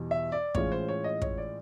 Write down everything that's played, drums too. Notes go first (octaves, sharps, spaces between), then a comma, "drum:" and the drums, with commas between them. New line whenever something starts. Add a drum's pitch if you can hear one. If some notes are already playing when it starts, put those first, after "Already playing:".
Already playing: E2 B2 G3
E5
D5
A2 E3 G#3 C#4 F4 C#5, drum: kick
C5
C#5
D#5
C#5, drum: kick
D5